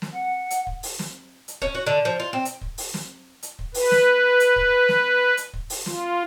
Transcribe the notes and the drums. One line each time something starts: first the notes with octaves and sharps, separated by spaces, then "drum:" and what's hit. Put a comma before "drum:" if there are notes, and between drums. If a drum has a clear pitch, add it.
drum: snare
F#5
drum: hi-hat
drum: kick
drum: open hi-hat
drum: snare
drum: hi-hat
C#4, drum: kick
F#4
D3
F3
F4
C4
drum: hi-hat
drum: kick
drum: open hi-hat
drum: snare
drum: hi-hat
drum: kick
B4, drum: open hi-hat
drum: snare
drum: hi-hat
drum: kick
drum: snare
drum: hi-hat
drum: kick
drum: open hi-hat
F4, drum: snare